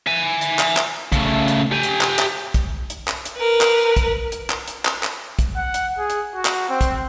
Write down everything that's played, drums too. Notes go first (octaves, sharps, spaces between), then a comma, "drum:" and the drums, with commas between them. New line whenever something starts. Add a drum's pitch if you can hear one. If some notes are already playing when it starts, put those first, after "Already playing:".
E5 G#5
drum: hi-hat
drum: clap
drum: clap
C#3 A3, drum: kick, hi-hat
drum: hi-hat
G4 G#5
drum: hi-hat
drum: clap
drum: clap
drum: kick, hi-hat
drum: hi-hat
drum: clap
drum: hi-hat
A#4 B4
drum: clap
drum: kick, hi-hat
drum: hi-hat
drum: clap
drum: hi-hat
drum: clap
drum: clap
drum: kick, hi-hat
F#5
drum: hi-hat
G#4
drum: hi-hat
F#4
drum: clap
C4
drum: kick, hi-hat